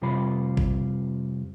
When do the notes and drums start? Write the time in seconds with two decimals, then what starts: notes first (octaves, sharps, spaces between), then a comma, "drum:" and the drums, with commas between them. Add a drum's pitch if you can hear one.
0.02 F2 C3 G3 F4 C5 B5
0.57 drum: kick G#1